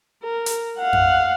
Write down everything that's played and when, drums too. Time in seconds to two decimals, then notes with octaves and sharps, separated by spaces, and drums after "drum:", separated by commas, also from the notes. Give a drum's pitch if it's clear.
0.23 A#4
0.46 drum: hi-hat
0.78 F5 F#5
0.93 drum: tom F2